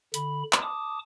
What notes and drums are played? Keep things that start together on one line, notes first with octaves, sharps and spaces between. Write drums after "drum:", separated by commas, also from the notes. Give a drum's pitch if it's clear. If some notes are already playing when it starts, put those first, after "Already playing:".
D3 B5, drum: hi-hat
drum: clap
A5 D6 D#6